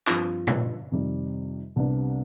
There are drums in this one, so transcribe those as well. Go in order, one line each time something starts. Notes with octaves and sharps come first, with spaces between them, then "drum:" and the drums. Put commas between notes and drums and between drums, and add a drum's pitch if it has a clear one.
G2 F3 C4 F4, drum: clap
drum: tom A#2
F2 C3 D#3 G3
C2 C3 G3 B3 D4